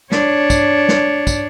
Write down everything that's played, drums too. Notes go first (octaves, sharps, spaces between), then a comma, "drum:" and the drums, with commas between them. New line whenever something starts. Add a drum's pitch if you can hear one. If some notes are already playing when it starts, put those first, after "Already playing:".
D4 C#5, drum: snare
drum: kick, tambourine
drum: snare
drum: kick, tambourine